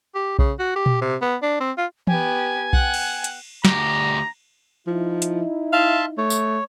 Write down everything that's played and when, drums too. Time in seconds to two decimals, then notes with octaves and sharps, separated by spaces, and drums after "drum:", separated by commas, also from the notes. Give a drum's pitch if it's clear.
0.15 G4
0.39 C#3, drum: kick B1
0.59 F#4
0.76 G4
0.86 drum: tom A#2
1.02 C3
1.22 B3
1.42 D4
1.60 C4
1.78 F4
2.07 B3 G4 G#5, drum: tom E3
2.73 F#5 G5, drum: kick B1
2.94 drum: cymbal
3.24 drum: hi-hat
3.65 D2 G4 A#5, drum: snare
4.87 F3 D#4 E4
5.22 drum: hi-hat
5.73 E5 F5 A5 C6
6.18 A3 C#5
6.30 drum: tambourine